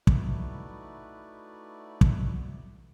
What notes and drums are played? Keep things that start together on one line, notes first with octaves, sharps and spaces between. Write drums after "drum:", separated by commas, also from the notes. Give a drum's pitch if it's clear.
A3 D#4 E4 F#4 B4 D5, drum: kick
drum: kick